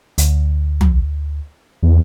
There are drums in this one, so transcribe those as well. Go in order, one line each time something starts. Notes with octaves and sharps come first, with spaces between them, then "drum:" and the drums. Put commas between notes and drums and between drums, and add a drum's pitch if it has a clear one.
D2, drum: hi-hat
drum: tom
E2